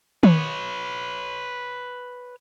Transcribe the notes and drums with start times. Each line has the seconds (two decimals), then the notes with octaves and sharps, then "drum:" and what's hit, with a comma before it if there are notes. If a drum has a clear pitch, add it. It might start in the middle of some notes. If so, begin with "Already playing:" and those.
0.23 B4 C#5, drum: tom D#3